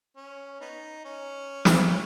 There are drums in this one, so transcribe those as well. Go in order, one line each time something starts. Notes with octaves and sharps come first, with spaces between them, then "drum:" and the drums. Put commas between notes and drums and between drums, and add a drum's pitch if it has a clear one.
C#4
B3 D#4
C#4
drum: snare